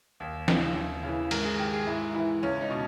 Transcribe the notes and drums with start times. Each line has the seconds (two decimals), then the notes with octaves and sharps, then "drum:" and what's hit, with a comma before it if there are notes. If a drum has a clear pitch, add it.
0.20 D#2
0.48 C#3 E3, drum: snare
0.76 D#2
1.03 C#3 E3
1.31 G#2 A#4, drum: cymbal
1.45 G#4
1.59 D#3 G4
1.73 G#4
1.87 G#2 E4
2.14 E3 E4
2.43 C#2 C#4
2.61 D#4
2.70 B2